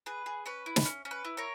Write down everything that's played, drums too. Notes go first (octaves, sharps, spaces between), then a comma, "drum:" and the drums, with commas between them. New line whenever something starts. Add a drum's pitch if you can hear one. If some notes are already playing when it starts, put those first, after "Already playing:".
G#4 B4
G#4
C#4 B4
E4
drum: snare
C#4
C#4
B4
E4
A#4 C#5